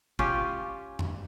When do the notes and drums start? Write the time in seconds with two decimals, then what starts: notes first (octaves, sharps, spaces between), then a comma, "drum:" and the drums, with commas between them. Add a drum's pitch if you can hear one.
0.19 C#4 F4 G4, drum: kick
0.99 drum: tom F2